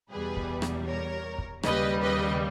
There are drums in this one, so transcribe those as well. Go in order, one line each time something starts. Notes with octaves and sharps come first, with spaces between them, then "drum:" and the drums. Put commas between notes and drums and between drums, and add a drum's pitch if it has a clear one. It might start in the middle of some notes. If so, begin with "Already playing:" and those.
E2 B2 G3 G#4 B4
drum: kick
drum: rim click
A#4 C#5
drum: kick
D#2 C#3 G3 B4 D#5, drum: rim click
B4 D#5